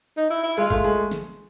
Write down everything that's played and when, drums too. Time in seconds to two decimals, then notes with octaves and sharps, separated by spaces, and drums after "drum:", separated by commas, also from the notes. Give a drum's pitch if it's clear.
0.17 D#4
0.30 E4
0.44 E4
0.57 G#3 F4
0.70 A3, drum: kick G#1
0.84 G#3
1.11 drum: snare